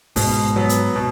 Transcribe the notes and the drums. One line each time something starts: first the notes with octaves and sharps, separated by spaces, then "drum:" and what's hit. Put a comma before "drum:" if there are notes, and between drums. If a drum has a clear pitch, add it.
G#2 B2, drum: kick, open hi-hat
F#3 B3
drum: hi-hat
B2